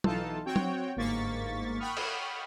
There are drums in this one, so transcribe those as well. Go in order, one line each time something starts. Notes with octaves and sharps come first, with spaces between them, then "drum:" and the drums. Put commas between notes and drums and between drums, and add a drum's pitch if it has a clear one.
B1 E3 D#4 F4 A4 A5, drum: tom F#3
C4 F#4 C#5 G5
drum: tom F#3
G1 G#2 A#3 C#6 A6 B6
F#5 G5 B5 C#6 D#6 F6
drum: cymbal